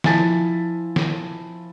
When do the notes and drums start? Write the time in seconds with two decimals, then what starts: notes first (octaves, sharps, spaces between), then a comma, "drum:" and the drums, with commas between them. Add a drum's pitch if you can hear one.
0.04 F3 E4 G#5 A5 A6 B6, drum: snare
0.96 drum: snare